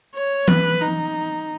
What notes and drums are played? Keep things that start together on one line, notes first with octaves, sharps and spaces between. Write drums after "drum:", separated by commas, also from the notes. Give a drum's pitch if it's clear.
C#5
B4, drum: tom E3
D#4